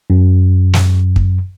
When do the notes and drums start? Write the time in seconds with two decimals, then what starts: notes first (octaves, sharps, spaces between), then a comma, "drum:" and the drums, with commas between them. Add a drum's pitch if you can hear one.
0.10 F#2
0.74 drum: snare
1.16 drum: kick